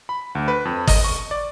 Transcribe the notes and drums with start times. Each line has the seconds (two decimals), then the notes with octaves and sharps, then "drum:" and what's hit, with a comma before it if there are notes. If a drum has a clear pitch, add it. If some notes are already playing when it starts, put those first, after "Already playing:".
0.09 B5
0.35 D2
0.48 B4
0.65 F2
0.87 D#5, drum: kick, open hi-hat
1.04 C#6
1.31 D5